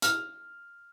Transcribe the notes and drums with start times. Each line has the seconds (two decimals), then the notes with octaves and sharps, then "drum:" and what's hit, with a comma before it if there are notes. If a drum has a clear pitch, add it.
0.02 F6 F7, drum: hi-hat